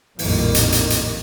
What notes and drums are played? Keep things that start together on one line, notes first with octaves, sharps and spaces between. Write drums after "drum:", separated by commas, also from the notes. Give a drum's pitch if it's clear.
A#1 F2 A2 D#3 G3 A#3, drum: open hi-hat
drum: hi-hat
drum: hi-hat
drum: hi-hat